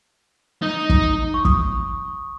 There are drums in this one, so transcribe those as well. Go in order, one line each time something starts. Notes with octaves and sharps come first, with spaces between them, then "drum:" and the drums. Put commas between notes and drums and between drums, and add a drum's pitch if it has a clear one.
D#4
drum: kick
C#6
D#6, drum: kick